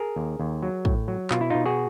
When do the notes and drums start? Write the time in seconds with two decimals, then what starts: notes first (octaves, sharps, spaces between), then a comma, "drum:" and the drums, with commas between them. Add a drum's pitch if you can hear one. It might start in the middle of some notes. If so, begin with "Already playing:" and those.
Already playing: G#4 A#4
0.16 D#2
0.40 D#2
0.63 F#3
0.85 A2, drum: kick
1.08 F#3
1.31 B2 F4, drum: clap
1.41 E4
1.50 B2 D#4 F4
1.66 F#4 G#4